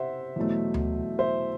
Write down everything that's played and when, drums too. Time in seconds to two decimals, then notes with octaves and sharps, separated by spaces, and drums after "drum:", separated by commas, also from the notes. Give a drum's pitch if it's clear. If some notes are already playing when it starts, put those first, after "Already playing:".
Already playing: C3 C5 E5 F#5
0.36 E2 B2 F#3 A3
0.74 drum: tom D2
1.19 C5 E5